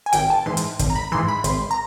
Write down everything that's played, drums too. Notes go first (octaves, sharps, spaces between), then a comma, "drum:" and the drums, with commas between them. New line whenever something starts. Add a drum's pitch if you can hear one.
G#5
G#1 G5, drum: hi-hat
A5
G#2 E3 C6
drum: hi-hat
G#1, drum: kick, hi-hat
A#5
B5
G#2 E3 C6
B5
G#1 C6, drum: hi-hat
A#5